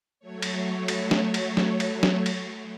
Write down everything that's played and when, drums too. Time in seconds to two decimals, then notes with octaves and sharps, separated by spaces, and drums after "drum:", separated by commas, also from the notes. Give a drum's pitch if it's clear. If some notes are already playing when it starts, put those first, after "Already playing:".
0.20 F#3 A3 C#5
0.42 drum: cymbal
0.88 drum: cymbal
1.11 drum: snare
1.34 drum: cymbal
1.57 drum: snare
1.80 drum: cymbal
2.03 drum: snare
2.26 drum: cymbal